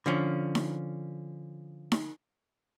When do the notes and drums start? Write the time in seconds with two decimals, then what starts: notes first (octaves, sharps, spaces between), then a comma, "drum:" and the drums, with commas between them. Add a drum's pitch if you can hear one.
0.06 D3 F3 C#4
0.55 drum: snare D#4
1.92 drum: snare D#4